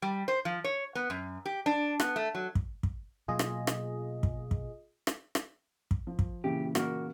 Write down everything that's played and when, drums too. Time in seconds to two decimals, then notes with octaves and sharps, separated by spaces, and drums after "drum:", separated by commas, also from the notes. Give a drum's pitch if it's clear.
0.02 G3
0.28 C5
0.45 F3
0.64 C#5
0.95 B3
1.10 F#2
1.45 G4
1.66 D4
2.00 B3, drum: rim click
2.16 A3
2.35 F#3
2.55 drum: kick
2.83 drum: kick
3.28 B2 F#3 A#3 F4 G#4 D#5
3.39 drum: rim click
3.67 drum: rim click
4.23 drum: kick
4.51 drum: kick
5.07 drum: rim click
5.35 drum: rim click
5.91 drum: kick
6.07 F3
6.19 drum: kick
6.44 A#2 C#3 E3 G4
6.75 A#3 F#4, drum: rim click